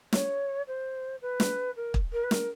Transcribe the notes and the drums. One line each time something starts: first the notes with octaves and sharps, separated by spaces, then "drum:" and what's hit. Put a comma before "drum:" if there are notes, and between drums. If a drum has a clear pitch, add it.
C#5, drum: snare
C5
B4
drum: snare
A#4
drum: kick
A#4
B4
A#4, drum: snare